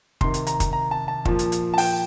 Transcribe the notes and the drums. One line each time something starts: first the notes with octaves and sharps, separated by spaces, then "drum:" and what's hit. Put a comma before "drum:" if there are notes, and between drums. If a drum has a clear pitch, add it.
C3 D#3 C6, drum: kick
drum: hi-hat
A#5, drum: hi-hat
drum: kick, hi-hat
A#5
A5
A5
A#2 F3, drum: kick
drum: hi-hat
drum: hi-hat
A5
G5, drum: open hi-hat